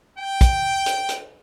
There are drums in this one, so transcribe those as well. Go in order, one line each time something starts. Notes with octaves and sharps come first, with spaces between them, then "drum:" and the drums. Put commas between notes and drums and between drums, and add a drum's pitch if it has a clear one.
G5
drum: kick, hi-hat
drum: hi-hat
drum: hi-hat